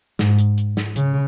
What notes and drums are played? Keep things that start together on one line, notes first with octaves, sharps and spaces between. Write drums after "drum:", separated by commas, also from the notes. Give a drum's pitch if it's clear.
G#2, drum: snare
drum: hi-hat
drum: hi-hat
drum: snare
C#3, drum: hi-hat